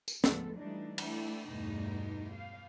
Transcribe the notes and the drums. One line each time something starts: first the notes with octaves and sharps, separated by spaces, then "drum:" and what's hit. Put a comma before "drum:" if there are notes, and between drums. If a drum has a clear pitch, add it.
drum: tambourine
D2 G#2 F3 B3 A4, drum: snare
E3 G3 A3 D4 D#4
A3 D4 E4, drum: cymbal
E2 G2 B2 A3 D#4
F5